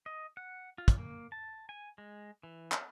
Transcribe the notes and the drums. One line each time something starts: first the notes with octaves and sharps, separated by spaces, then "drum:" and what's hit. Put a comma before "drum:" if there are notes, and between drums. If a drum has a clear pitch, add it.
D#5
F#5
F4
drum: kick, hi-hat
A#3
A5
G#5
G#3
E3
drum: clap